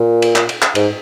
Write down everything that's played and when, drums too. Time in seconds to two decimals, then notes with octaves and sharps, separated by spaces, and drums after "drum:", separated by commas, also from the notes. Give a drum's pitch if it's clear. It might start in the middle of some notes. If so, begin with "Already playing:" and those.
Already playing: A#2
0.22 drum: cymbal
0.36 drum: clap
0.49 drum: cymbal
0.62 drum: clap
0.75 G#2, drum: cymbal